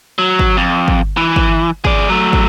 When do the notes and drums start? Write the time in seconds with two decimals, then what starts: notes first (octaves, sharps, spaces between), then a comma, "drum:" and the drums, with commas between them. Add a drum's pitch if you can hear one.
0.19 F#3
0.39 drum: kick
0.57 F2
0.88 drum: kick
1.17 E3
1.36 drum: kick
1.85 G#4 D5, drum: kick
2.09 F#3 A3
2.33 drum: kick